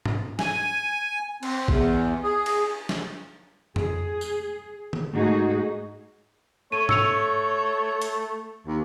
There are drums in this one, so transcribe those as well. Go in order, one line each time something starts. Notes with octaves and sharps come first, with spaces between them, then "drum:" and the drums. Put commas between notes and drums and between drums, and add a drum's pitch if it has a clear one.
drum: tom G#2
G#5, drum: snare
C4, drum: cymbal
E2, drum: kick A#1
G#4
drum: cymbal
drum: snare
G#4, drum: tom F2
drum: tambourine
drum: tom D3
G#2 A3 D#4 F#4 G#4
A3 C#5 D#7
E6 C#7 F7, drum: tom G#2
drum: hi-hat
D#2